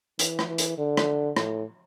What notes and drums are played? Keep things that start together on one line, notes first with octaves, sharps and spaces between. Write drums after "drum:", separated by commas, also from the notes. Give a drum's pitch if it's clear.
E3, drum: hi-hat
drum: rim click
E3
drum: hi-hat
D3
drum: rim click
A2, drum: rim click